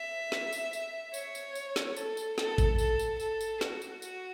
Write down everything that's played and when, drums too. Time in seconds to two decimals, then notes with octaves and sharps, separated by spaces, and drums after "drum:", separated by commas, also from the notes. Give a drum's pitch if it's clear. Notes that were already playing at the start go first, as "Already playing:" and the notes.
Already playing: E5
0.32 drum: snare
0.53 drum: tambourine
0.73 drum: tambourine
1.14 C#5, drum: tambourine
1.35 drum: tambourine
1.55 drum: tambourine
1.76 drum: snare
1.96 A4, drum: tambourine
2.17 drum: tambourine
2.38 A4, drum: snare
2.58 drum: kick G#1, tambourine
2.78 A4, drum: tambourine
2.99 drum: tambourine
3.20 A4, drum: tambourine
3.41 drum: tambourine
3.61 F#4, drum: snare
3.82 drum: tambourine
4.02 F#4, drum: tambourine